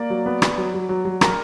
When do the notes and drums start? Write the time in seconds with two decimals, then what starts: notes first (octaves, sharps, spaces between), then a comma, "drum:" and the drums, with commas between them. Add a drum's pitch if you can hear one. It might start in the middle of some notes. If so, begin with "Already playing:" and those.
Already playing: A#3 D5
0.10 F#3
0.26 B3
0.42 B3, drum: rim click
0.58 F#3
0.74 F#3
0.89 F#3
1.05 F#3
1.21 A#4 A#5, drum: rim click